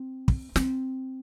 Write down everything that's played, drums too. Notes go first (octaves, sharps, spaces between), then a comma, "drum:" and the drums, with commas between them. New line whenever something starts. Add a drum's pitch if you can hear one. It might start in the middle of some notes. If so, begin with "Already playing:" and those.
Already playing: C4
drum: kick
C4, drum: snare